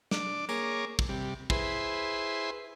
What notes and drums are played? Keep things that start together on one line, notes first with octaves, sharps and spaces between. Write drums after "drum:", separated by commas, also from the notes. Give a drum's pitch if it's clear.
D4 D6, drum: snare
A#3 G#4 C#5 A#5 D6, drum: tambourine
drum: kick
C3 G3
E4 G#4 B4 C5 C6, drum: kick